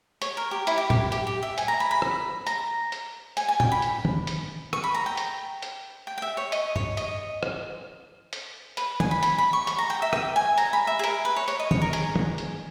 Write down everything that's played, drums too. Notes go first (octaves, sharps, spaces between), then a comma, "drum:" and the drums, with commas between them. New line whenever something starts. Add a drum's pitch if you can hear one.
C#5, drum: hi-hat
A#4
G4
E4, drum: hi-hat
G4
G4, drum: tom
G4, drum: hi-hat
G4
E5
G#5, drum: hi-hat
A#5
B5
B5
drum: rim click
A#5, drum: hi-hat
drum: hi-hat
G#5, drum: hi-hat
G#5
G5, drum: tom
B5
drum: hi-hat
drum: tom
drum: hi-hat
C#6, drum: rim click
B5
A#5
G5
drum: hi-hat
drum: hi-hat
G5
G5
E5
C#5
D#5, drum: hi-hat
C#5, drum: tom
D#5, drum: hi-hat
drum: rim click
drum: hi-hat
B4, drum: hi-hat
G#5, drum: tom
B5
B5, drum: hi-hat
B5
C#6
C#6, drum: hi-hat
A#5
G5
E5
G5, drum: rim click
G#5
A#5, drum: hi-hat
B5
E5
G#4
A#4, drum: hi-hat
B4
C#5
C#5, drum: hi-hat
D#5
C#5, drum: tom
A#4
G#4, drum: hi-hat
drum: tom
drum: hi-hat